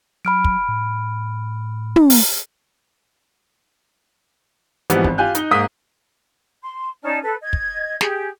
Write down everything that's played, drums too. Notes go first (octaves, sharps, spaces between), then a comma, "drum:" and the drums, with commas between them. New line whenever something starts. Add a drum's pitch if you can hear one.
F#3 B5 F6 D7
drum: kick
A2
drum: tom
drum: open hi-hat
G#2 E3 F3 G3 B3 C4, drum: hi-hat
G#1, drum: kick
F4 G4 G#5 F#6 G6
D#4 D#5 G7, drum: hi-hat
G#2 A#3 D#6 B6
C6
C#4 D#4 D5 A5
A4 B4
D#5 G#6
drum: kick
G4 G#4, drum: snare